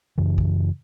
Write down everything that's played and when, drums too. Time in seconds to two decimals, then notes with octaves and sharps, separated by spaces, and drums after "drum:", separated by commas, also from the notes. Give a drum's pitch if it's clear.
0.18 F#2 C#3 E3
0.38 drum: kick